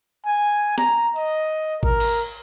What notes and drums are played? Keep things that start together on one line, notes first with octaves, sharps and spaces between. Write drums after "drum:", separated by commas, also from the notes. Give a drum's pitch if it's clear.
G#5
A#5, drum: snare
D#5, drum: tambourine
A#4, drum: kick A1
drum: cymbal